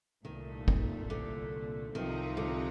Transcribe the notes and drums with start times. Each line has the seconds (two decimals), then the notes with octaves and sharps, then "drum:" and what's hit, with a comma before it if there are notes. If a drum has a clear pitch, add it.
0.24 C2 A#2 D#3 A3
0.68 drum: kick
1.10 D3
1.94 C2 C3 D#3 F3 C4 D#4
2.37 D3